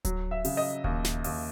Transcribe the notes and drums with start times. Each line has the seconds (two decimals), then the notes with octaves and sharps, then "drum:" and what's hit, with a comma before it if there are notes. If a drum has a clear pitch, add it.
0.05 F#3, drum: kick D1, hi-hat
0.31 E5
0.45 C#3, drum: open hi-hat
0.57 D#5
0.84 D#2, drum: kick D1
1.04 drum: snare
1.24 D#2, drum: open hi-hat